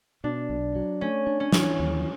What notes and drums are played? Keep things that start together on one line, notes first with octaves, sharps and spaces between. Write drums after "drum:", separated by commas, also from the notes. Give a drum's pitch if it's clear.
B2 D4
B1
F#3
A3 C#4
D4
C#4
E3, drum: snare
D#2